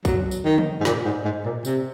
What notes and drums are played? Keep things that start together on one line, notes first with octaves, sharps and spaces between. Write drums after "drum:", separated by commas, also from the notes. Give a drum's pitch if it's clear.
F#3, drum: kick, tambourine
drum: tambourine
D#3
drum: tom
G#2
A#2, drum: snare
G#2
G#2
A#2
C3, drum: tambourine